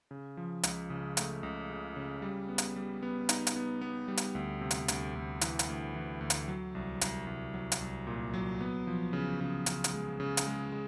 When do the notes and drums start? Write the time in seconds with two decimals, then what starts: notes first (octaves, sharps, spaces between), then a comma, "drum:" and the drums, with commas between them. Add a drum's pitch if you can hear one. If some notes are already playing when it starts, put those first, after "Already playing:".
0.11 C#3
0.37 F3
0.63 C#2, drum: hi-hat
0.90 C#3
1.17 A3, drum: hi-hat
1.43 C#2
1.70 C#3
1.96 C#3
2.22 G3
2.49 B3
2.58 drum: hi-hat
2.76 G3
3.03 B3
3.29 D#4, drum: hi-hat
3.47 drum: hi-hat
3.56 B3
3.81 B3
4.08 G3
4.17 drum: hi-hat
4.35 D2
4.61 C3
4.71 drum: hi-hat
4.88 D2, drum: hi-hat
5.15 D2
5.41 E3, drum: hi-hat
5.59 drum: hi-hat
5.69 D2
5.95 E3
6.21 D2
6.30 drum: hi-hat
6.48 F#3
6.75 C2
7.01 C2, drum: hi-hat
7.27 C2
7.54 F#3
7.72 drum: hi-hat
7.81 C2
8.07 A#2
8.34 F#3
8.60 B3
8.87 F3
9.13 C#3
9.40 C#3
9.66 C#3, drum: hi-hat
9.84 drum: hi-hat
9.94 G#3
10.20 C#3
10.37 drum: hi-hat
10.47 G#3
10.72 G#3